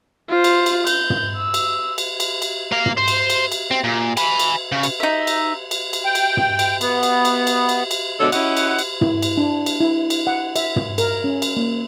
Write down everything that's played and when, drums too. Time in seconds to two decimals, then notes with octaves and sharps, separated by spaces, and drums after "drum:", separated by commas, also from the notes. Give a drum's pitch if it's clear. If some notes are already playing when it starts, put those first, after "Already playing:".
0.29 F4 C5
0.44 drum: cymbal
0.66 drum: cymbal
0.87 G6, drum: cymbal
1.10 drum: tom
1.37 E6
1.54 drum: cymbal
1.98 drum: cymbal
2.20 drum: cymbal
2.42 drum: cymbal
2.72 A#3 F5
2.86 drum: tom
2.98 C5
3.08 drum: cymbal
3.30 drum: cymbal
3.52 drum: cymbal
3.71 C4
3.84 A#2
4.17 G#5 B5, drum: cymbal
4.39 drum: cymbal
4.72 C#3
4.83 drum: cymbal
5.00 D#4 E5
5.27 drum: cymbal
5.71 drum: cymbal
5.93 drum: cymbal
6.05 G5
6.15 drum: cymbal
6.37 drum: tom
6.59 drum: cymbal
6.81 B3, drum: cymbal
7.03 drum: cymbal
7.25 drum: cymbal
7.47 drum: cymbal
7.69 drum: cymbal
7.91 drum: cymbal
8.20 B2 D3 G#3 A4 C#5 D5
8.32 C#4 E4 F#4 D#5 F#5, drum: cymbal
8.57 drum: cymbal
8.79 drum: cymbal
9.01 E4, drum: tom
9.22 drum: cymbal
9.38 D4
9.66 drum: cymbal
9.81 E4
10.10 drum: cymbal
10.27 F#5
10.56 E5, drum: cymbal
10.76 drum: tom
10.98 A#4, drum: cymbal
11.24 C#4
11.42 drum: cymbal
11.57 A#3